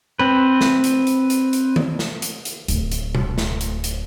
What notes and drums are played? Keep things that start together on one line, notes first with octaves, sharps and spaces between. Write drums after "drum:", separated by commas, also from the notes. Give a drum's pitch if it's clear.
C4 B4
drum: snare
drum: hi-hat
drum: hi-hat
drum: hi-hat
drum: hi-hat
drum: tom D#3
drum: snare
drum: hi-hat
drum: hi-hat
D1 D2, drum: hi-hat
drum: hi-hat
drum: tom B2
drum: snare
drum: hi-hat
drum: hi-hat